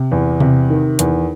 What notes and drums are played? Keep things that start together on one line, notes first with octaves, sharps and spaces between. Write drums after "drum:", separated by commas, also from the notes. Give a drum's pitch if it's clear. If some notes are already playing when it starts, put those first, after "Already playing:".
Already playing: C3
E2
C3, drum: tom C3
D#3
E2, drum: hi-hat